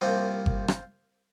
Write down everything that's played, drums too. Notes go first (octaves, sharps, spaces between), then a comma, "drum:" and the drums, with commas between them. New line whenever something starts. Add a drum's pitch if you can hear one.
C2 C3 F3 A#3 C4 F4
drum: kick G1
drum: rim click